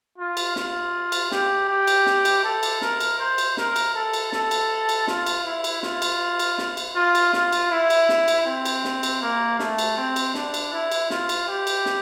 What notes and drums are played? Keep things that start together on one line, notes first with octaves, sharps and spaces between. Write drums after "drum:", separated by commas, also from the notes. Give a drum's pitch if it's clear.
F4
drum: cymbal
F4, drum: snare
drum: cymbal
G4, drum: snare
G4
drum: cymbal
drum: snare
drum: cymbal
A4
drum: cymbal
A#4, drum: snare
drum: cymbal
C5
drum: cymbal
A#4, drum: snare
drum: cymbal
A4
drum: cymbal
A4, drum: snare
drum: cymbal
drum: cymbal
F4, drum: snare
drum: cymbal
E4
drum: cymbal
F4, drum: snare
drum: cymbal
drum: cymbal
drum: snare
drum: cymbal
F4
drum: cymbal
F4, drum: snare
drum: cymbal
E4
drum: cymbal
drum: snare
drum: cymbal
C4
drum: cymbal
drum: snare
drum: cymbal
A#3
A3, drum: snare
drum: cymbal
C4
drum: cymbal
D4, drum: snare
drum: cymbal
E4
drum: cymbal
F4, drum: snare
drum: cymbal
G4
drum: cymbal
drum: snare